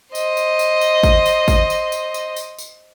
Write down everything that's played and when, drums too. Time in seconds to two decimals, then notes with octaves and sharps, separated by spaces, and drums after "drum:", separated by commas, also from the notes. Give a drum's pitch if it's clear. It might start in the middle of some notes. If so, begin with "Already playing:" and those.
0.15 C5 D#5, drum: tambourine
0.37 drum: tambourine
0.59 drum: tambourine
0.81 drum: tambourine
1.03 drum: kick, tambourine
1.26 drum: tambourine
1.48 drum: kick, tambourine
1.70 drum: tambourine
1.92 drum: tambourine
2.14 drum: tambourine
2.36 drum: tambourine
2.59 drum: tambourine